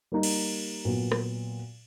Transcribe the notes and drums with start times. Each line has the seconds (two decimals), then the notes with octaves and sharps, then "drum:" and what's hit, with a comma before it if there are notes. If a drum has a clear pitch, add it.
0.12 G3 A#3 D#4
0.23 drum: cymbal
0.85 A#2 F#3 B3
1.12 drum: rim click